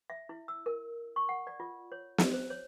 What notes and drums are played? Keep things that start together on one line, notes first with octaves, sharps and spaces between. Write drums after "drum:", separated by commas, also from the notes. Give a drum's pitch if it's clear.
E5
E4
E6
A#4
C#6
F#5
D5
F4
C#5
drum: snare
C5
C#5